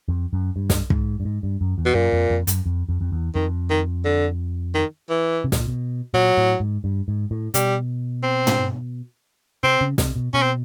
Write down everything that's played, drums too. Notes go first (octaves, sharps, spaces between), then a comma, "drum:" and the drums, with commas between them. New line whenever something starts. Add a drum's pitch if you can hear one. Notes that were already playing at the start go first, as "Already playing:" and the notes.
F2
F#2
G2
drum: snare
G#2, drum: kick
G2
G#2
G2
F#2
E2
B2
F#2 A#2
F2
F2
F#2, drum: hi-hat
F2
F2
F2
E2
F2 D#3
D#3
D3
D#3
E3
C3
B2, drum: snare
A#2
B2
A#2 F#3
A2
G#2
G2
G#2
A2
B2 G3, drum: hi-hat
C4
drum: tom
C3 C4
C#3
C3, drum: snare
B2
B2 C#4
C4